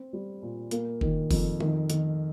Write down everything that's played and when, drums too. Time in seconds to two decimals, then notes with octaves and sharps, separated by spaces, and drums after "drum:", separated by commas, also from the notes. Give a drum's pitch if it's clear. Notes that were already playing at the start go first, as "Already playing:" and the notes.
Already playing: C4
0.13 G3
0.42 A#2
0.71 A#3, drum: hi-hat
1.01 D#3, drum: kick F#1
1.31 F2, drum: kick F#1, open hi-hat
1.60 D#3, drum: tom
1.90 D#3, drum: hi-hat